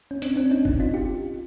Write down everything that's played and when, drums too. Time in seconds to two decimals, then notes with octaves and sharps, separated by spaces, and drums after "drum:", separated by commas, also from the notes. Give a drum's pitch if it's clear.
0.11 C#4
0.22 C4 D4, drum: hi-hat
0.36 C4 D4
0.51 C#4 D#4
0.65 C4 D4, drum: kick F#1
0.80 D#4 F4
0.94 F4 G4